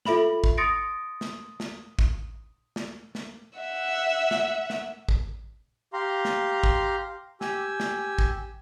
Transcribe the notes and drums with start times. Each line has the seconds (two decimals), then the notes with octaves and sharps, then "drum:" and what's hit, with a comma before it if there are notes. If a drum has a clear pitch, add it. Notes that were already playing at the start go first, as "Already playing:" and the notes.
0.05 F4 A4 E5 B5 F#7, drum: snare
0.44 drum: kick
0.58 C6 D#6 A6 A#6 C#7 D7
1.21 drum: snare
1.60 drum: snare
1.99 drum: kick
2.76 drum: snare
3.15 drum: snare
3.59 E5 F#5
4.31 drum: snare
4.70 drum: snare
5.09 drum: kick
5.93 G4 F5 A#5 C6
6.25 drum: snare
6.64 drum: kick
7.41 G4 G#5 E6, drum: snare
7.80 drum: snare
8.18 drum: kick